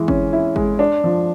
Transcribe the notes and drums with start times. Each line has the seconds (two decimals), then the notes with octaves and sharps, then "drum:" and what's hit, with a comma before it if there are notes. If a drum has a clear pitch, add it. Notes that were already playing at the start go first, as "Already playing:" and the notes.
Already playing: E3 G#3
0.08 C#4, drum: kick G1
0.33 E4
0.56 G#3, drum: kick G1
0.79 D4
1.04 F3